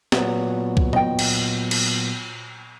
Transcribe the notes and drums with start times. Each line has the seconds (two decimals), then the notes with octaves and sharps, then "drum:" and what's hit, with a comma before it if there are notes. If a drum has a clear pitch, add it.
0.12 A#2 F#3 B3, drum: snare
0.77 drum: kick
0.93 D#5 G5, drum: tom A#2
1.19 drum: cymbal
1.71 drum: cymbal